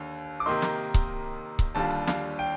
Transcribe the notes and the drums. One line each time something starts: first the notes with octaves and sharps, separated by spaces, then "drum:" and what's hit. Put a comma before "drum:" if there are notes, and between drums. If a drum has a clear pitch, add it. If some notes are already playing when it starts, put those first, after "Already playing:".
Already playing: D#2 D3
D6
C3 D#3 A#3 D#4 C6
drum: snare
drum: kick C#1
drum: kick C#1
D#2 D3 G3 D4 F4 A5
F5, drum: snare
G5